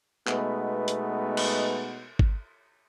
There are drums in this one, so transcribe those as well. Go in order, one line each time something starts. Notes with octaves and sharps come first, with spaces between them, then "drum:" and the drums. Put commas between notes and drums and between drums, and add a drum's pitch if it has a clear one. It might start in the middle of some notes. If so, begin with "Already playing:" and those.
B2 G#3 A3 B3 D#4 B4, drum: clap
drum: hi-hat
drum: cymbal
drum: kick G#1